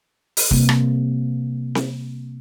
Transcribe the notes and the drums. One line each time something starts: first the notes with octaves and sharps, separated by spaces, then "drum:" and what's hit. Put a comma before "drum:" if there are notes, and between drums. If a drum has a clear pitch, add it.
drum: open hi-hat
C3 G3 A#3, drum: kick
drum: rim click
drum: snare C4